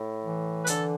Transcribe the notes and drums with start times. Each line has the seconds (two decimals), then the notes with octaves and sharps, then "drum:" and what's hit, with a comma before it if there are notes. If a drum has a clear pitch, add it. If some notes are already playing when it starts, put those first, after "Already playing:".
Already playing: A2
0.23 E3
0.63 B4
0.67 D3 A4, drum: hi-hat